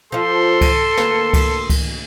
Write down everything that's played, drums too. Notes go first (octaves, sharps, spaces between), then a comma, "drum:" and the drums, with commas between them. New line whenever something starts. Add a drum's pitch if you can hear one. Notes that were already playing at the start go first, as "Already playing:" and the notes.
F3 F4 A4 C6
drum: kick C#2, cymbal
D2 A#3 B4, drum: snare
drum: kick C#2, cymbal
drum: kick C#2, cymbal